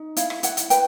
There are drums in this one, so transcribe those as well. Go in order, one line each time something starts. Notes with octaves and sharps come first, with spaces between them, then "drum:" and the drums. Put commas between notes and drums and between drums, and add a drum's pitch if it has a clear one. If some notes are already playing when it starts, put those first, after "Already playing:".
Already playing: D#4
E4 F5, drum: hi-hat
drum: rim click
E4 F#5, drum: hi-hat
drum: hi-hat
B4 G5, drum: hi-hat